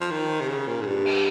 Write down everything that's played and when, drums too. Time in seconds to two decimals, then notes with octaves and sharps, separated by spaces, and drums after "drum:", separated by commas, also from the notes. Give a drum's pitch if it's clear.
0.01 F3
0.11 D#3
0.40 C3
0.48 C#3
0.67 A#2
0.81 G#2
0.86 G2
1.05 drum: cymbal